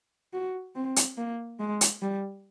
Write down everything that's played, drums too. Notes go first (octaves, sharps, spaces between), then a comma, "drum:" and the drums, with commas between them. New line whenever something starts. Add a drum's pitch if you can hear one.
F#4
C4
drum: hi-hat
A#3
G#3
drum: hi-hat
G3